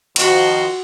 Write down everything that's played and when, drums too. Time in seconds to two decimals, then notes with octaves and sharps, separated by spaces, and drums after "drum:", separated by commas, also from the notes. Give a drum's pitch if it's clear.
0.16 D#3 F3 F#4 D#5 C6, drum: cymbal